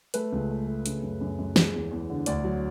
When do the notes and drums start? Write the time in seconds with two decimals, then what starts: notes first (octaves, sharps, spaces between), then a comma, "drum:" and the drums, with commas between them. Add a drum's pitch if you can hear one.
0.14 A3 B4, drum: hi-hat
0.32 C#2
0.50 A3
0.67 A3
0.86 C#3, drum: hi-hat
1.03 F#2
1.21 F#2
1.39 F#2
1.56 G#3, drum: snare
1.73 E2
1.91 E2
2.10 D3
2.26 D2 D5, drum: hi-hat
2.44 F#3